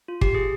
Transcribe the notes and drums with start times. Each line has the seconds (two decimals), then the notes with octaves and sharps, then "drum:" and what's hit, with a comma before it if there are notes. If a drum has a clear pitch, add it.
0.08 F4
0.21 G4, drum: kick
0.35 G#4